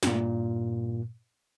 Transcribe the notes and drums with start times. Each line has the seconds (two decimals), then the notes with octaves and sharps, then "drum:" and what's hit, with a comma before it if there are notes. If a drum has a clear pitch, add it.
0.03 G2 A#2, drum: snare